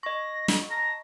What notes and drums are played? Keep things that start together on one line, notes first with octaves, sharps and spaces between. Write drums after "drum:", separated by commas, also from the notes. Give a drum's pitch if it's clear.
D#5 C#6 A#6
drum: snare
A5 A#5